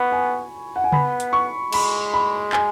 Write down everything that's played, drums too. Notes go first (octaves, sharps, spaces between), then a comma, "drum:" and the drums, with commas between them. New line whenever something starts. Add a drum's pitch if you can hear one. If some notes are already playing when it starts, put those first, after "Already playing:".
Already playing: B3 B5 C#6
G#5
F#5
G#5
B3 B5, drum: tom C#3
drum: hi-hat
C#6
G#3 B5, drum: cymbal
B5
G#5, drum: clap